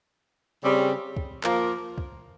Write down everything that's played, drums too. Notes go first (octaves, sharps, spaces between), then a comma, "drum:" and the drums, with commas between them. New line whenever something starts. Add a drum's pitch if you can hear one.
C#3 G3 C4 G4
drum: kick
F3 A#3 F4 A#4, drum: clap
drum: kick